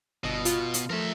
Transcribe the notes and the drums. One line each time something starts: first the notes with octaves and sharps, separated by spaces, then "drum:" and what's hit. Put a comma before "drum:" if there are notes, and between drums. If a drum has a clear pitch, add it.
G1 B2 D#5 E6
F4, drum: hi-hat
drum: hi-hat
F3 A3 A#4 E5